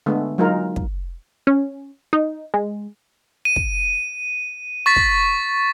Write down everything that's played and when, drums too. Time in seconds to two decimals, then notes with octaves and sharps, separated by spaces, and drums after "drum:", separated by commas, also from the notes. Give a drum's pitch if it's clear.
0.06 D3 G#3 A3 B3
0.38 F#3 G#3 D#4 F4 A#4
0.76 drum: kick
1.47 C#4
2.13 D#4
2.54 G#3
3.45 D#7
3.56 drum: kick
4.86 C#6 A6 B6
4.96 drum: kick